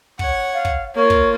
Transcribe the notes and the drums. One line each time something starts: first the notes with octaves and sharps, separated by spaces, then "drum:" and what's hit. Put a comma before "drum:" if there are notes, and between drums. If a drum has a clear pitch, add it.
C#5 F#5, drum: kick
F5
drum: kick
A#3 F4 C#5
drum: kick